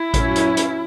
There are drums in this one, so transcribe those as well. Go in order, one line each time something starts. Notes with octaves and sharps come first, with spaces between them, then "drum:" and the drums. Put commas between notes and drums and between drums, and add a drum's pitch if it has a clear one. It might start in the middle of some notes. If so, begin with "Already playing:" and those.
Already playing: E4
F#3 C#4, drum: kick A1, hi-hat
drum: hi-hat
drum: hi-hat